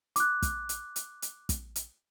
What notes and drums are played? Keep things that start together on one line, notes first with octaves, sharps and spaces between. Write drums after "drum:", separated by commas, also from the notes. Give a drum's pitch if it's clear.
D6 F#6, drum: hi-hat
drum: kick, hi-hat
drum: hi-hat
drum: hi-hat
drum: hi-hat
drum: kick, hi-hat
drum: hi-hat